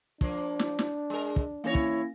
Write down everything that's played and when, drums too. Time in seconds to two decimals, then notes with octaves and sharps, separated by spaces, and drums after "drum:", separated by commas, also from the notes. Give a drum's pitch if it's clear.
0.21 F3 A#3 D4, drum: kick
0.59 drum: snare
0.79 drum: snare
1.10 G#3 A#4
1.36 drum: kick
1.64 E3 A#3 C#4 E4 A4 C#5 A#6
1.75 drum: kick